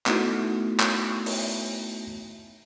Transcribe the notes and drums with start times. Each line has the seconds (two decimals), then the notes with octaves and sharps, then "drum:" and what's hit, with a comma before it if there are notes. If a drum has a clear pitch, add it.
0.06 A3 B3 D#4 E4 F#4, drum: clap
0.80 drum: clap
1.26 drum: open hi-hat